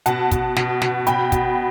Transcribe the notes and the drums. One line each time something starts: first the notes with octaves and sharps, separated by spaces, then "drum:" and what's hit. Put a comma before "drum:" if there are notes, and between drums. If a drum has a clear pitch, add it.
B2 F#5 A5, drum: hi-hat
B2, drum: kick, hi-hat
B2, drum: snare
B2, drum: snare
B2 G5 B5, drum: hi-hat
B2, drum: kick, hi-hat